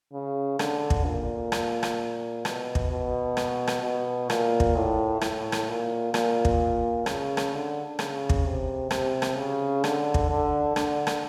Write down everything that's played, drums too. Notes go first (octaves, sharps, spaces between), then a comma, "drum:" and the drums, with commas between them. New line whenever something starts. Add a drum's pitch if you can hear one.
C#3
D3, drum: rim click
drum: kick
A#2
drum: rim click
drum: rim click
B2, drum: rim click
drum: kick
B2
drum: rim click
drum: rim click
B2
A#2, drum: rim click
drum: kick
A2
A2, drum: rim click
drum: rim click
A#2
A#2, drum: rim click
drum: kick
C#3, drum: rim click
drum: rim click
D3
C#3, drum: rim click
drum: kick
C3
C3, drum: rim click
drum: rim click
C#3
D3, drum: rim click
drum: kick
D3
D3, drum: rim click
drum: rim click